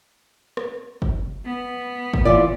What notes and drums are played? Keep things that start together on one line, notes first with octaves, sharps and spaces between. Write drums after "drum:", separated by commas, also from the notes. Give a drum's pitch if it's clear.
drum: rim click
drum: kick
B3
drum: kick
E3 F4 D5